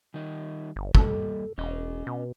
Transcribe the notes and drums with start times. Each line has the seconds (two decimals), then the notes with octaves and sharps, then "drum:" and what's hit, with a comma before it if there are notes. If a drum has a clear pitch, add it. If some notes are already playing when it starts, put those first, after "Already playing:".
0.14 D#3 G3 D#4
0.76 G1
0.95 G3 A#3 A4, drum: kick
1.58 E1 C#4 D#5
2.07 B2